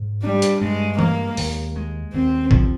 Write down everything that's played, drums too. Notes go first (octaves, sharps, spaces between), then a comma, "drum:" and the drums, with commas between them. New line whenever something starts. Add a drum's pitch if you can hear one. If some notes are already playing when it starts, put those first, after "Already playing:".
Already playing: G#2
G3 D4
drum: hi-hat
G2 G#3
G#3 A#3, drum: tom E3
D#2, drum: open hi-hat
G#3
D#2 C4
F3, drum: kick